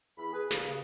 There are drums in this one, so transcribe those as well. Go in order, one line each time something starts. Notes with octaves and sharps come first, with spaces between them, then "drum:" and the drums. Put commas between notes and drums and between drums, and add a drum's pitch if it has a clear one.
E2 B5
G#4 B4
G2 A#2 C#3, drum: snare